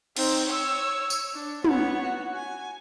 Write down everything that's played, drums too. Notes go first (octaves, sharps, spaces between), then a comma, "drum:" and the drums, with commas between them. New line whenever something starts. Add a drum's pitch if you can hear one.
C4 D#4, drum: cymbal
C#5 E6
drum: tambourine
D4
B3 C#5, drum: tom
F#4
G#5